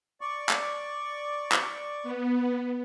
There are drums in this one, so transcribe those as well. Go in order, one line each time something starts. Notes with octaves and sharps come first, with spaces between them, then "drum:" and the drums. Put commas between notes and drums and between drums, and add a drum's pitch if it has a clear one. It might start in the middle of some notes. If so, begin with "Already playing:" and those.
D5 C#6
drum: clap
drum: clap
B3